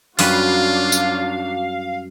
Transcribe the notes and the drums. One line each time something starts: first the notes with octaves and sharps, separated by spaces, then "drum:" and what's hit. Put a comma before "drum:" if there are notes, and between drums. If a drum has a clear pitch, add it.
F#2 F#3 G3 D4 F4 F#4 B4 F5, drum: open hi-hat
drum: tambourine